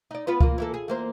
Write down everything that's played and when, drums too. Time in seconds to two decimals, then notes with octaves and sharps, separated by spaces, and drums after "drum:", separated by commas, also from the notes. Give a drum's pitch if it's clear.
0.11 D#4 D5
0.27 B3 F4 B4
0.41 A#3 F4, drum: kick C#2
0.58 E3 A#3 A4
0.74 G#4
0.88 E2 A#3 C5